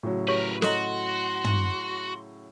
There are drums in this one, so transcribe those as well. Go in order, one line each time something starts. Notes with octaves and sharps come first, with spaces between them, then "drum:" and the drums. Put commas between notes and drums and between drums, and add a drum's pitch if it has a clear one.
A2 C#3 F#3
G4 A#4 B4 C#5 C#6
F#4 A4 D#5 A#5 C6, drum: snare
drum: tom